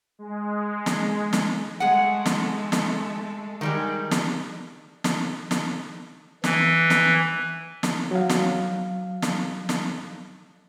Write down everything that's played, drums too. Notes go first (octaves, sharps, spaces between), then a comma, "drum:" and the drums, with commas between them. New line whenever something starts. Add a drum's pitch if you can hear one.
G#3
drum: snare
drum: snare
G#3 A3 G#4 A4 F#5
drum: snare
drum: snare
D#3 G3 G#3
drum: snare
drum: snare
drum: snare
E3, drum: snare
drum: snare
drum: snare
F#3 F5
drum: snare
drum: snare
drum: snare